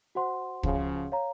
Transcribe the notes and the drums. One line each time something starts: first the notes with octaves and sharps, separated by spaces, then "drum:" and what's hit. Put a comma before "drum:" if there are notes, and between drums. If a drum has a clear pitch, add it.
F#4 C5 F#5 C6
C#3 F3, drum: kick
C#5 F5 A#5